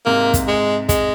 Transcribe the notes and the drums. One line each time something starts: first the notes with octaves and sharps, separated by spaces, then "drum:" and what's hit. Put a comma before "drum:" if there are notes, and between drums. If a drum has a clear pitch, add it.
G#2 C3 A#3
drum: kick, hi-hat
G#3
G#3, drum: kick, hi-hat